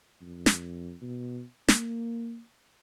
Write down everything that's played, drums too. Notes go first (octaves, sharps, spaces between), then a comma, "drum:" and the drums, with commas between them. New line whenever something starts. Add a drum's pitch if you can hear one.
F2
drum: snare
B2
A#3, drum: snare